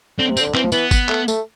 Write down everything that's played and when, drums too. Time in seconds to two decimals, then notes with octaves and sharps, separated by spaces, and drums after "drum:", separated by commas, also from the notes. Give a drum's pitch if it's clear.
0.18 D3 C4
0.29 C3
0.37 C4, drum: tambourine
0.40 D3
0.54 E3 C4, drum: clap
0.64 F3
0.72 E3 B3, drum: tambourine
0.91 drum: kick G#1, tambourine
1.09 A3, drum: clap
1.28 A3, drum: tambourine